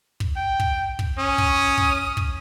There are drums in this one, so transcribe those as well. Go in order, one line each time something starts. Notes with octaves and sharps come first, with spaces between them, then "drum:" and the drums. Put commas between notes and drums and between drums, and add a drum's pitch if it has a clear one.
drum: kick
G5
drum: kick
drum: kick
C#4 D#6
drum: kick
drum: kick
drum: kick